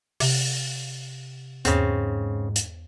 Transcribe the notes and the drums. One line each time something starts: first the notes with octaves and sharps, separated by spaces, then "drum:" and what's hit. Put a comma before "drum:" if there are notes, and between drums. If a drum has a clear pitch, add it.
C3, drum: open hi-hat
E2 G#2 C#3 C4, drum: hi-hat
drum: hi-hat